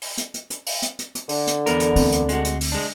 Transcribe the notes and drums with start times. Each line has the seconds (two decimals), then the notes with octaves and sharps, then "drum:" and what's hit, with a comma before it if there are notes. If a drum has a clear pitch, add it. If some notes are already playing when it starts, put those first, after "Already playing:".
0.02 drum: open hi-hat
0.18 drum: hi-hat
0.34 drum: hi-hat
0.50 drum: hi-hat
0.66 drum: open hi-hat
0.83 drum: hi-hat
0.99 drum: hi-hat
1.15 drum: hi-hat
1.29 D3, drum: open hi-hat
1.47 drum: hi-hat
1.66 E2 B3 A#4, drum: hi-hat
1.80 drum: hi-hat
1.96 D2 C4, drum: open hi-hat
2.12 drum: hi-hat
2.29 G#3 F#4, drum: hi-hat
2.44 drum: hi-hat
2.61 drum: open hi-hat
2.72 G#3 D4